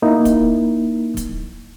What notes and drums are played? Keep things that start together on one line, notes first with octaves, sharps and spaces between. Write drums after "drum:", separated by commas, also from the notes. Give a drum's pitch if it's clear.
A#3 D#4 E4
drum: kick, hi-hat
drum: kick, hi-hat